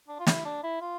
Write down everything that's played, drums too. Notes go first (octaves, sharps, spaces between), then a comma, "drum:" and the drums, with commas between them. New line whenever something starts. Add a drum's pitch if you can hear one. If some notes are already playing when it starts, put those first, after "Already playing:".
D4
F4
E4, drum: snare
D4
E4
F4